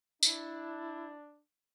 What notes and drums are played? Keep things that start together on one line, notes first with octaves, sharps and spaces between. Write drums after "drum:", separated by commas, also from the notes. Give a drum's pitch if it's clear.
D4 E4, drum: tambourine